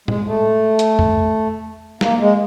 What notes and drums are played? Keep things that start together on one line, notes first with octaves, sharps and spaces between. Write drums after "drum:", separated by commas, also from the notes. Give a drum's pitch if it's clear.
G#3, drum: tom A2
A3
drum: hi-hat
drum: tom E2
A#3, drum: snare
G#3